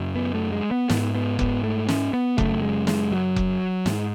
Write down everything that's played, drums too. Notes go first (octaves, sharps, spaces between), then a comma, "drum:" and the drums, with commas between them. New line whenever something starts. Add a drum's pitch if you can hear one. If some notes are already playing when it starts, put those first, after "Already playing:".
Already playing: F#2 C#3
B3
A3
G#3
B3
G#2 B3, drum: snare
B3
B3, drum: kick F1
A3
C#4, drum: snare
B3
F#2 C#3 A3, drum: kick F1
G#3
G#3, drum: snare
F#3
drum: kick F1
G#2, drum: snare